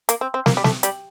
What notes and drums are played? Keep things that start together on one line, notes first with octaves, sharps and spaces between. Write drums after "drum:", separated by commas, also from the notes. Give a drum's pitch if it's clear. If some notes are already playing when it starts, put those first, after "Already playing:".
A#3, drum: hi-hat
C4
C4
A#3, drum: snare
G3
A3, drum: snare
G3, drum: hi-hat